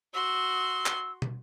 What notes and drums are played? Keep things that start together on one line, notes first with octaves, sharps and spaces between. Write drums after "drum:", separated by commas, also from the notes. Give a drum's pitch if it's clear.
F#4 C6 E6
drum: clap
drum: tom